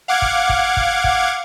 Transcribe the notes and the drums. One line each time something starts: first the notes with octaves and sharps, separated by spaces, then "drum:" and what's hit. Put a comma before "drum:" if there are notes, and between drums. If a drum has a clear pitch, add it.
F5 F#5 D6 G#6
drum: kick
drum: kick
drum: kick
drum: kick